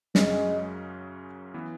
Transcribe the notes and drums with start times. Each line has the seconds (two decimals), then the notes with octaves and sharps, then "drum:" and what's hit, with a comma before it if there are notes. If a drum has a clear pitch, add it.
0.15 F#2 C#3 F#3 G#3 C#4, drum: snare
1.54 E3 B3